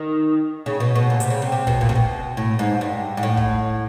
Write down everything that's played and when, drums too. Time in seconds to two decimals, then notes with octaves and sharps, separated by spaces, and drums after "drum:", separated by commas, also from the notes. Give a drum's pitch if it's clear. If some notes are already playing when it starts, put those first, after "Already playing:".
Already playing: D#3
0.66 C#3
0.80 B2
0.95 B2
1.10 A#2
1.20 C3, drum: hi-hat
1.30 C#3
1.42 C3
1.52 C3
1.67 B2, drum: kick
1.81 A#2
1.89 C3, drum: kick
1.95 B2
2.37 A2
2.59 G#2
2.81 G2
3.17 G#2
3.23 A2
3.37 drum: kick